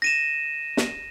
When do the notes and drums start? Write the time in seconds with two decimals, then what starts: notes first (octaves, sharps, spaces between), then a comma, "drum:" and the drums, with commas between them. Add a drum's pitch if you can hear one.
0.02 A#6 D#7 E7
0.77 drum: snare